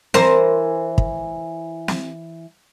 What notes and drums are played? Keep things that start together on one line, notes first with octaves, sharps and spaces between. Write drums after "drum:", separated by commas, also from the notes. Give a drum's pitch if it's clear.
E3 A#4 C5, drum: snare
drum: kick
drum: snare